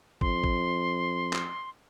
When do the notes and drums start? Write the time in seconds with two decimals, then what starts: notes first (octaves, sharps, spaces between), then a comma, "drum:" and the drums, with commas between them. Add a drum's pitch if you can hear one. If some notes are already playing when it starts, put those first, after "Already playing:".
0.21 F2 C6, drum: kick
0.44 drum: kick
1.33 drum: clap